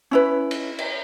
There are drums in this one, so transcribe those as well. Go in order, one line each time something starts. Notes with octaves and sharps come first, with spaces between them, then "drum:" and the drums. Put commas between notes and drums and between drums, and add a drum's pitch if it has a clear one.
C#4 E4 B4
drum: cymbal
drum: cymbal